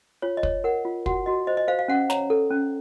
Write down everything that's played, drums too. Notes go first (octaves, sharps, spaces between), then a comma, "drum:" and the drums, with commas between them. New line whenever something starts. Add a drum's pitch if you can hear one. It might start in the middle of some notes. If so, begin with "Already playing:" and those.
F4 C#5
D#5
C#5, drum: kick
A#4 F#5
F4
F#4 F#5, drum: kick
F#4 D#5
C5 D#5
D#5
C5 F5
F5
C#4 F#5
C#5 A#5, drum: snare
A4
C#4